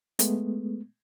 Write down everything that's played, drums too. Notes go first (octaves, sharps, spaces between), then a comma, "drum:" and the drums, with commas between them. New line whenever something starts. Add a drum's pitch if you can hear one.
G#3 A3 B3, drum: hi-hat